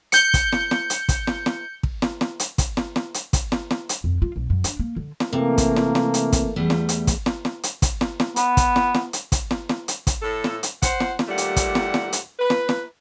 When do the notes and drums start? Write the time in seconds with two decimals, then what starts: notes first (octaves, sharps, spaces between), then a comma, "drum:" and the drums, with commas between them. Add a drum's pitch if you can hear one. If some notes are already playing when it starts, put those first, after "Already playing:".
0.12 G6 C#7, drum: hi-hat
0.34 drum: kick, hi-hat
0.52 drum: snare
0.71 drum: snare
0.90 drum: hi-hat
1.09 drum: kick, hi-hat
1.27 drum: snare
1.46 drum: snare
1.83 drum: kick
2.02 drum: snare
2.21 drum: snare
2.40 drum: hi-hat
2.58 drum: kick, hi-hat
2.77 drum: snare
2.96 drum: snare
3.14 drum: hi-hat
3.33 drum: kick, hi-hat
3.52 drum: snare
3.71 drum: snare
3.89 drum: hi-hat
4.04 F2
4.22 F4
4.36 B1
4.50 F#2
4.64 D4, drum: hi-hat
4.79 A#3
4.96 D3
5.20 drum: snare
5.33 C3 E3 A3 A#3
5.58 drum: kick, hi-hat
5.76 drum: snare
5.95 drum: snare
6.14 drum: hi-hat
6.32 drum: kick, hi-hat
6.56 E2 G3 A3
6.70 drum: snare
6.89 drum: hi-hat
7.07 drum: kick, hi-hat
7.26 drum: snare
7.45 drum: snare
7.63 drum: hi-hat
7.82 drum: kick, hi-hat
8.01 drum: snare
8.20 drum: snare
8.36 B3, drum: hi-hat
8.57 drum: kick, hi-hat
8.76 drum: snare
8.94 drum: snare
9.13 drum: hi-hat
9.32 drum: kick, hi-hat
9.51 drum: snare
9.69 drum: snare
9.88 drum: hi-hat
10.07 drum: kick, hi-hat
10.22 A2 A4
10.44 drum: snare
10.63 drum: hi-hat
10.82 C5 F#5, drum: kick, hi-hat
11.00 drum: snare
11.19 drum: snare
11.28 D#2 A#2 G3 A3 F#5
11.38 drum: hi-hat
11.56 drum: kick, hi-hat
11.75 drum: snare
11.94 drum: snare
12.13 drum: hi-hat
12.39 B4
12.50 drum: snare
12.69 drum: snare